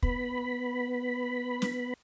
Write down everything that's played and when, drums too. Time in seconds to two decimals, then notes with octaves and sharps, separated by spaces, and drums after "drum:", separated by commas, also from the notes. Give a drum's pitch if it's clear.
0.03 B3 B5, drum: kick
1.62 drum: snare